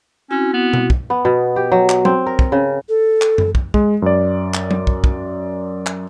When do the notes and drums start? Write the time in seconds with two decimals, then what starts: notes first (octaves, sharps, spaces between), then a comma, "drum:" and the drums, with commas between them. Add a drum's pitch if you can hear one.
0.31 C4 C#4 E4 F#4
0.54 B3
0.73 drum: tom B2
0.90 drum: kick
1.10 B3
1.25 B2
1.56 G4
1.72 F#3
1.89 drum: clap
2.05 C4, drum: tom F#3
2.26 A#4
2.39 drum: kick
2.52 C#3
2.89 A4
3.22 drum: clap
3.38 drum: tom F#2
3.55 drum: kick
3.74 G#3, drum: kick
4.02 F#2 D5
4.54 drum: clap
4.71 drum: tom F#3
4.87 drum: kick
5.04 drum: kick
5.86 drum: clap